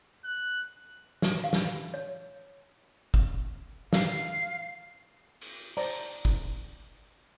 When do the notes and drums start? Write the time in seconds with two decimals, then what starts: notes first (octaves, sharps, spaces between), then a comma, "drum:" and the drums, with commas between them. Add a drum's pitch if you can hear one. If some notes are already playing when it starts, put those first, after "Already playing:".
0.24 F#6
1.22 drum: snare
1.44 F5
1.53 drum: snare
1.94 C#5
3.14 drum: kick
3.93 F5, drum: snare
5.41 drum: open hi-hat
5.77 C5 D5 A5 A#5, drum: open hi-hat
6.25 drum: kick